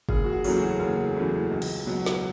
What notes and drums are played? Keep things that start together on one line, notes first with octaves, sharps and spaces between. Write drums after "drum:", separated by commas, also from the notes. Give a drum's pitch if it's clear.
F#1 G#4, drum: kick G1
F#4
G#4
E2 C#3 F#3 A3, drum: open hi-hat
F#4
F#1 G#4
E2 C#3 F#3 A3
C#2
drum: cymbal
B2 F#3
drum: snare